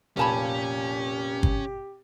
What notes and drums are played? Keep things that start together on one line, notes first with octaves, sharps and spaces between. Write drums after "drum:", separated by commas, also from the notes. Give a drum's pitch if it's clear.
F1 A#2 C#4 G4 F5 G#5 A5 B5
drum: kick G1